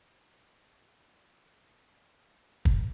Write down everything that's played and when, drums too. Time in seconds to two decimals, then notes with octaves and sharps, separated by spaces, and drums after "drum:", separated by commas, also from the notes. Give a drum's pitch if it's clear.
0.21 F4
0.70 A#5
1.15 A2 F#3 G4
1.69 D3
2.65 drum: kick